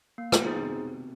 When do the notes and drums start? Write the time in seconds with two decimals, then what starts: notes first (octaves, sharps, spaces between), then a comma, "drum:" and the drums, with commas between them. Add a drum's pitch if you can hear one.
0.18 A#3
0.32 B2, drum: rim click
0.46 B2 D#4 G#4 C5
0.60 C3